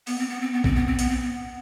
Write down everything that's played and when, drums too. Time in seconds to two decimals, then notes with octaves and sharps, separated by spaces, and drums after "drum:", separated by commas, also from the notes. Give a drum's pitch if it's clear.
0.07 B3, drum: open hi-hat
0.19 C4
0.30 B3
0.41 C4
0.53 B3
0.64 C4, drum: kick A#1
0.75 B3
0.87 C4
0.99 B3, drum: hi-hat
1.10 C4
1.22 B3